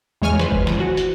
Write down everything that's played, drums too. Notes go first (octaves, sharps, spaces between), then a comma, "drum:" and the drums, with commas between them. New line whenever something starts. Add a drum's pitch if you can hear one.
E2 G#3 C#5 G#5 F6
B4 C5, drum: snare
drum: kick F#1
drum: snare
F#4
drum: hi-hat